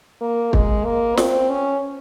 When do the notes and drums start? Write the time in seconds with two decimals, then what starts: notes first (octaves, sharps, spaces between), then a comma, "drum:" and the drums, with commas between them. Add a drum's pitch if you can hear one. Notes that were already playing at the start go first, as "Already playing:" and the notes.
0.21 A#3
0.53 G#3, drum: kick
0.85 A#3
1.17 C4, drum: snare
1.49 C#4